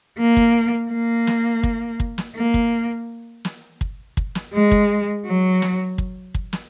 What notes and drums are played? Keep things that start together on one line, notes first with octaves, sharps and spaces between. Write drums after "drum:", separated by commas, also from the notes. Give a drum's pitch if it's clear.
A#3
drum: kick
A#3
drum: snare
drum: kick
drum: kick
drum: snare
A#3
drum: kick
drum: snare
drum: kick
drum: kick
drum: snare
G#3
drum: kick
F#3
drum: snare
drum: kick
drum: kick
drum: snare